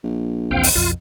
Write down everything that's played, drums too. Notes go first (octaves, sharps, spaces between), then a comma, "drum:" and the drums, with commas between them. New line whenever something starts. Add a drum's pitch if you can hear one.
A#1
B1 E2 C4 F5 G5
drum: open hi-hat
B1 F2 F4